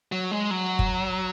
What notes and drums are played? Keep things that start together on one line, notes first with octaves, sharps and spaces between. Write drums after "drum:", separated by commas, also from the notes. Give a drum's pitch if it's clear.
F#3
G#3
F#3
drum: kick F#1